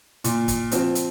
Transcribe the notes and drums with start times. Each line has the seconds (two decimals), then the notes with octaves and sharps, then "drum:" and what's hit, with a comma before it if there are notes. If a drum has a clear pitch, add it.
0.24 A#2, drum: hi-hat
0.48 drum: kick, hi-hat
0.71 F3 C4 F4, drum: hi-hat
0.95 drum: hi-hat